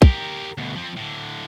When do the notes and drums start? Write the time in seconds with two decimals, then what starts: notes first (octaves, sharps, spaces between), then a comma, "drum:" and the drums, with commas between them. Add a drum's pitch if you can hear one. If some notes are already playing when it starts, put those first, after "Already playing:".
0.02 G4 A#4, drum: kick
0.58 D2 B2
0.76 F3 C4
0.97 A2 D3